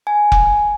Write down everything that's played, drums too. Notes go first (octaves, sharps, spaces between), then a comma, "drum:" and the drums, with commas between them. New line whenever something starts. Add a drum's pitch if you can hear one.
G#5
drum: kick F1